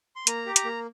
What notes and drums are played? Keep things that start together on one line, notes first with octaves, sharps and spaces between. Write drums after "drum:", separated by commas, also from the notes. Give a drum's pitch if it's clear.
C6
A#3 A#5, drum: hi-hat
G4
A#5, drum: hi-hat
A#3